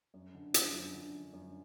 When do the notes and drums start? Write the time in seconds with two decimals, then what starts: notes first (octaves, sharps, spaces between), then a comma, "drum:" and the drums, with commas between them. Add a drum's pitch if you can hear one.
0.14 F#2
0.35 D3
0.54 F3, drum: hi-hat
0.73 F#2
0.94 D3
1.13 D3
1.33 F#2